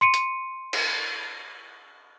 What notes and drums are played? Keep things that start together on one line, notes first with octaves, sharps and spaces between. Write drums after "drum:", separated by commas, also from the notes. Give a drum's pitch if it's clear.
C6 C#7 D#7
drum: hi-hat
drum: cymbal